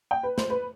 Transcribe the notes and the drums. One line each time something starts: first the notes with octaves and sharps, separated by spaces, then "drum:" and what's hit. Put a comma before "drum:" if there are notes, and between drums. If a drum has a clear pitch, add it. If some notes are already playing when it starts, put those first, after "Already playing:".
G5
B4
C5, drum: snare
B4